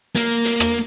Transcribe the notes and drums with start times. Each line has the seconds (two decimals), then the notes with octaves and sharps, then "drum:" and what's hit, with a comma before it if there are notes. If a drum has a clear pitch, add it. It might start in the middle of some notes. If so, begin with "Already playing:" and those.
0.16 A#3, drum: hi-hat
0.45 drum: hi-hat
0.60 drum: rim click